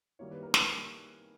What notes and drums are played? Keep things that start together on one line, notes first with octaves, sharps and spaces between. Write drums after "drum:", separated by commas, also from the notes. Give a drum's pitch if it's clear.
D#3 G3 A#3 E4 C#5
B4
A#4
G#4 B4, drum: snare